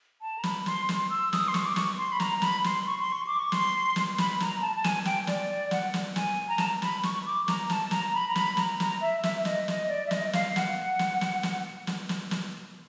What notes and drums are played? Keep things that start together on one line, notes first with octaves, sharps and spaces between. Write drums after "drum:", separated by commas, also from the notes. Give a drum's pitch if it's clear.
A5
A#5
B5, drum: snare
C6, drum: snare
C6, drum: snare
E6
D#6, drum: snare
C6
C#6, drum: snare
D6
C#6, drum: snare
C6
B5
A#5, drum: snare
B5, drum: snare
C6, drum: snare
C#6
C6
C#6
D6
C#6
C6, drum: snare
drum: snare
B5, drum: snare
A#5, drum: snare
A5
A5
G#5, drum: snare
G5, drum: snare
D5, drum: snare
D5
F#5, drum: snare
drum: snare
G#5, drum: snare
A#5
A5, drum: snare
A#5
B5, drum: snare
C#6, drum: snare
D6
A#5, drum: snare
A5, drum: snare
A#5, drum: snare
B5
A#5
B5, drum: snare
A#5, drum: snare
A#5, drum: snare
E5
E5, drum: snare
D#5, drum: snare
D#5, drum: snare
D5
E5
D#5, drum: snare
F5, drum: snare
F#5, drum: snare
drum: snare
drum: snare
drum: snare
drum: snare
drum: snare
drum: snare